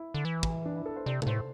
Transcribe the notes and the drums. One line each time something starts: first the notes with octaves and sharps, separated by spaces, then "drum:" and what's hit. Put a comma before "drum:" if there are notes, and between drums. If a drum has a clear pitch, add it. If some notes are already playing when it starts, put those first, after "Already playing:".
Already playing: E4
D3
E3
drum: kick
D4
E4
A4
C5
C3 D5
A4, drum: tom C3
A2 C5